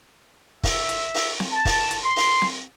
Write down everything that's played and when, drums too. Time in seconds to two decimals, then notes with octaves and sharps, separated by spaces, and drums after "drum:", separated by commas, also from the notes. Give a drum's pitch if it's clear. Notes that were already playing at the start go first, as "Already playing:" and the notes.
0.63 E5, drum: kick, open hi-hat
0.89 drum: hi-hat
1.14 drum: open hi-hat
1.40 drum: snare C4
1.51 A5
1.65 drum: kick, open hi-hat
1.91 drum: hi-hat
2.04 C6
2.16 drum: open hi-hat
2.42 drum: snare C4